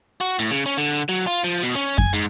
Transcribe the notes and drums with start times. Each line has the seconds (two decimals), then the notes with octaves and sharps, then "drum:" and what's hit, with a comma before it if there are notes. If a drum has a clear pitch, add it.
0.21 F#4
0.39 A2
0.51 C#3
0.66 C#4
0.77 D3
1.09 F#3
1.27 F4
1.44 F3
1.63 B2
1.75 C#4
1.98 G#5, drum: kick F#2
2.13 G#2